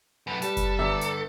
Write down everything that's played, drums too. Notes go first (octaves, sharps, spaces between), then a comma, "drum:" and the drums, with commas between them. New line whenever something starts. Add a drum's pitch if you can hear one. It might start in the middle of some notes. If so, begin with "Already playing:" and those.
F#2 A3 B4
G3 A4, drum: hi-hat
drum: kick F#1, hi-hat
G1 D5 E5 A#5
drum: hi-hat